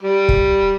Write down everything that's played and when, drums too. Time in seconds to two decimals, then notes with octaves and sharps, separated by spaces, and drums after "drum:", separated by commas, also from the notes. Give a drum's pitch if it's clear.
0.03 G3
0.29 drum: kick